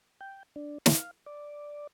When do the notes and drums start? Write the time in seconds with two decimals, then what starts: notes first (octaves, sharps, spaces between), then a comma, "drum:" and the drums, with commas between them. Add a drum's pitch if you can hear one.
0.21 G5
0.56 D4
0.86 F5, drum: snare
1.26 D5